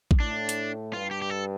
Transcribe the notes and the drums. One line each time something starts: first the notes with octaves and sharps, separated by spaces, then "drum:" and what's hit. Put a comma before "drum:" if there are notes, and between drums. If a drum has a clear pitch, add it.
drum: kick A1
A2 D4
drum: hi-hat
G2 F4
G4
G4
A4